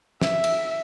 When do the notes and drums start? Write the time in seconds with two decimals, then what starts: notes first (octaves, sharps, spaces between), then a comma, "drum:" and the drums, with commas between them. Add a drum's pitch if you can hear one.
0.22 E5, drum: snare
0.44 drum: cymbal